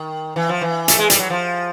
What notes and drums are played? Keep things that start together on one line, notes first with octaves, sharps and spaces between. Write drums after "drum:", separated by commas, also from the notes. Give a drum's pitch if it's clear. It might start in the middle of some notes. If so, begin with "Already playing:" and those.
Already playing: D#3
E3
F3
E3
A3, drum: hi-hat
G#3
G3, drum: hi-hat
F#3
F3